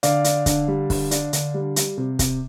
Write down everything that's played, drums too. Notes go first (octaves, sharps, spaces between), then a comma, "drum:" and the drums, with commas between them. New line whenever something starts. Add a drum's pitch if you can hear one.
D3 D5 F5, drum: hi-hat
D4, drum: hi-hat
D3, drum: kick, hi-hat
G3
D3, drum: kick, open hi-hat
D4, drum: hi-hat
D3, drum: hi-hat
G3
G3, drum: hi-hat
C3
C3, drum: kick, hi-hat